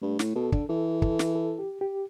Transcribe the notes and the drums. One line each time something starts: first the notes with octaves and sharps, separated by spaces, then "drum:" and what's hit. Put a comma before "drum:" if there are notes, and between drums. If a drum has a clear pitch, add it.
G2 A3
A2, drum: snare
B2 A4
D3, drum: kick
E3 A4
A4, drum: kick
drum: snare
A4
G4
G4